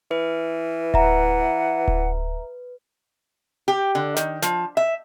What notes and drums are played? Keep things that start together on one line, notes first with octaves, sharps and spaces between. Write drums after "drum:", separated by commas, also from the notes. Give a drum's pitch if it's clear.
E3 B4
E5 F#5 A#5, drum: kick D1
drum: kick D1
G4
D3
D#3, drum: snare
F3, drum: snare
E5